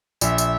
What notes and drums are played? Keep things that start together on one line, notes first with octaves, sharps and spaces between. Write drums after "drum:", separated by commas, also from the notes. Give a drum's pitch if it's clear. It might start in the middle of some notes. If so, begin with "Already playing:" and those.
A#1 E5, drum: tambourine
drum: tambourine